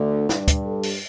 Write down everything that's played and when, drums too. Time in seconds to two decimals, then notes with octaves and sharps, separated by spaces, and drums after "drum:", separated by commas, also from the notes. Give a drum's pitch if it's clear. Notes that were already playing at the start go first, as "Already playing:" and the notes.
Already playing: D2 D3 A3
0.29 G2 G3 D4 D5, drum: snare
0.48 drum: kick, hi-hat
0.66 A4
0.83 drum: open hi-hat